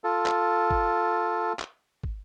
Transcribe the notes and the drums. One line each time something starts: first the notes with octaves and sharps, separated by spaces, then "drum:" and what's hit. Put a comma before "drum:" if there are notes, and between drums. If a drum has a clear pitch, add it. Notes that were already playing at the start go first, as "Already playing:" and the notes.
F4 A4
drum: clap
drum: kick
drum: clap
drum: kick